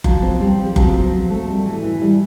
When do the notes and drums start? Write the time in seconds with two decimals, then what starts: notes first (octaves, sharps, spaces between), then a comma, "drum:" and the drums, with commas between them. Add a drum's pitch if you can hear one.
0.04 F3 F#3 F#4, drum: kick F#1
0.23 C4
0.41 G3 C4 G4
0.58 F3
0.69 G4
0.76 F3 F#3 F#4, drum: kick F#1
0.94 C4
1.12 C4
1.30 A3
1.48 G3
1.66 E3
1.83 E3
2.02 G3